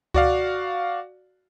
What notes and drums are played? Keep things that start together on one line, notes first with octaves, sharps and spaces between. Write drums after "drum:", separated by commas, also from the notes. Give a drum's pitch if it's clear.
F#4 D5 F5, drum: kick C#2